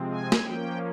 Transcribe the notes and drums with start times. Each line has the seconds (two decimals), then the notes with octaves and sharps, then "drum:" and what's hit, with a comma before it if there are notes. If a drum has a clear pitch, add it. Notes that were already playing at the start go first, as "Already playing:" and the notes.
Already playing: C3 F3 G#3 C4
0.11 G#5
0.32 drum: snare
0.44 F3 A#3 C#4 G5